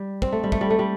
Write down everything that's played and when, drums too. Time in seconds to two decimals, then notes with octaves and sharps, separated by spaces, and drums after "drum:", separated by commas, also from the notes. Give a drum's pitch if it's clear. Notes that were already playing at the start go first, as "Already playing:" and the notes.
Already playing: G3
0.22 C4, drum: kick
0.32 A3
0.44 G3
0.52 A3, drum: kick
0.61 G3
0.70 A3
0.79 G3